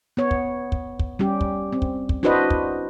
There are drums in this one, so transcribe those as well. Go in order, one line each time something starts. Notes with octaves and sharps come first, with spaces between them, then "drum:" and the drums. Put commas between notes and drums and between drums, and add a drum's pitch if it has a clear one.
B3 C#5
drum: kick
drum: kick
drum: kick
G3 C#4 G4
drum: kick
C4
drum: kick
drum: kick
D4 E4 F#4 B4 C5 D#5
drum: kick